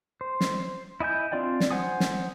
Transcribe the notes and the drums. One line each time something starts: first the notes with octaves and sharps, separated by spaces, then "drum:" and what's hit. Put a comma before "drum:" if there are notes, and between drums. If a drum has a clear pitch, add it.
C5
drum: snare
E4 D#5 G#5 G6
C4 D4 F4 D5 G5
drum: snare
C5 F#5 G#5 D#6
drum: snare